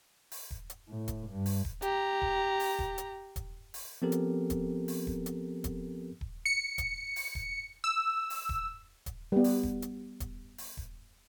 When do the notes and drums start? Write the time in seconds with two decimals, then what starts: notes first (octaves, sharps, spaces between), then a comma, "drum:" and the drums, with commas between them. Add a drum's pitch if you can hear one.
0.32 drum: open hi-hat
0.51 drum: kick D#1
0.70 drum: hi-hat
0.89 A2
1.08 drum: kick D#1, hi-hat
1.30 G2
1.46 drum: open hi-hat
1.65 drum: kick D#1
1.82 G4 A#5, drum: hi-hat
2.22 drum: kick D#1
2.60 drum: open hi-hat
2.79 drum: kick D#1
2.98 drum: hi-hat
3.36 drum: kick D#1, hi-hat
3.74 drum: open hi-hat
4.02 F3 B3 C4 G4 A4 A#4
4.12 drum: hi-hat
4.50 drum: kick D#1, hi-hat
4.88 drum: open hi-hat
5.07 drum: kick D#1
5.26 drum: hi-hat
5.64 drum: kick D#1, hi-hat
6.21 drum: kick D#1
6.45 C#7
6.78 drum: kick D#1, hi-hat
7.16 drum: open hi-hat
7.35 drum: kick D#1
7.84 E6
8.30 drum: open hi-hat
8.49 drum: kick D#1
9.06 drum: kick D#1, hi-hat
9.32 G3 B3
9.44 drum: open hi-hat
9.63 drum: kick D#1
9.82 drum: hi-hat
10.20 drum: kick D#1, hi-hat
10.58 drum: open hi-hat
10.77 drum: kick D#1